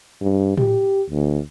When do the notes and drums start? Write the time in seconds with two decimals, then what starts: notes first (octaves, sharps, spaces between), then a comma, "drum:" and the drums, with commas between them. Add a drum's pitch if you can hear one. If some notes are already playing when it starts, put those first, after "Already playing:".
0.21 G2
0.58 G4, drum: tom A2
1.10 D2